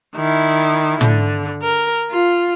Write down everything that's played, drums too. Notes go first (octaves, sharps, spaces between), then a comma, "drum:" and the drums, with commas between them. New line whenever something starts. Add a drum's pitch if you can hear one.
D#3 E4
D3, drum: tom
A#4
F4